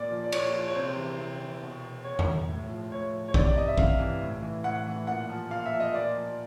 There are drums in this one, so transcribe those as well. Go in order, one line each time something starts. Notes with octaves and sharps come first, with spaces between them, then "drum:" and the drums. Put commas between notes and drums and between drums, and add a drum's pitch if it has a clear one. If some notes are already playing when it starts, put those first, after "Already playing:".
Already playing: A#2 D5
F3
D5
A#2 C#5, drum: cymbal
F3
C#5
C3 C5
E3
C3
E3
B2
B2 C#5
drum: tom E2
A2
F3
A2 C#5
F3
C#5
C3 D5, drum: kick A#1
D5
E3 D#5
E5
C3 F5, drum: kick A#1
E3
A2
E3
A2 F#5
E3
A#2 F#5
F3
A#2 F5
E5
F3
D#5
A#2 D5
F3